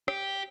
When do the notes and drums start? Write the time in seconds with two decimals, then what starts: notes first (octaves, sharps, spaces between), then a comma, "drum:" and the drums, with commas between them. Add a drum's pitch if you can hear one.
0.08 G4, drum: rim click